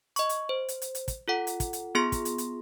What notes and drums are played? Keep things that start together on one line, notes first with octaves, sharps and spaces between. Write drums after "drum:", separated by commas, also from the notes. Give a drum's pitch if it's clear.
D#5 C#6, drum: hi-hat
drum: hi-hat
C5
drum: hi-hat
drum: hi-hat
drum: hi-hat
drum: kick, hi-hat
F4 A4 F#5
drum: hi-hat
drum: kick, hi-hat
drum: hi-hat
B3 F4 G#4 C6 A#6
drum: kick, hi-hat
drum: hi-hat
drum: hi-hat